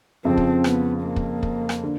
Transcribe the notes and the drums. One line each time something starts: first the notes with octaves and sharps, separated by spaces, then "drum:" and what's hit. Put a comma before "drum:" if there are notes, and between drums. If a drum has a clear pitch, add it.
F2 C#3 F3 C4
drum: kick
B3, drum: rim click
A#3
drum: kick
drum: kick
drum: rim click
D3